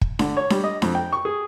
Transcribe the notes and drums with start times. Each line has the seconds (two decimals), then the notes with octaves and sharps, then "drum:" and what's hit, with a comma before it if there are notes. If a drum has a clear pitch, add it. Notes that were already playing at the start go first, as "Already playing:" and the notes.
0.01 drum: kick
0.19 D3, drum: snare D4
0.37 C#5
0.50 G3, drum: snare D4
0.64 D#5
0.82 F2, drum: snare D4
0.95 G5
1.12 C#6
1.25 G#4